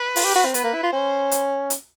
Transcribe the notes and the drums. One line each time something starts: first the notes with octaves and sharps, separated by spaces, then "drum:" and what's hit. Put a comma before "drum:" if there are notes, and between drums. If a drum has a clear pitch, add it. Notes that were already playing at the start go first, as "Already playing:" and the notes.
Already playing: B4
F4, drum: open hi-hat
G4
F#4
C4
B3 B4, drum: hi-hat
A#3
E4
F4
C#4 C5
drum: hi-hat
drum: hi-hat